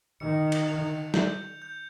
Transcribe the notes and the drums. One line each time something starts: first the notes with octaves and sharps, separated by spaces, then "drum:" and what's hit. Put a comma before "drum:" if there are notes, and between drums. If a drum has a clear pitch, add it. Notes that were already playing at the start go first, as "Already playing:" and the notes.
D#3 C#7
drum: cymbal
F7
G6, drum: snare
G6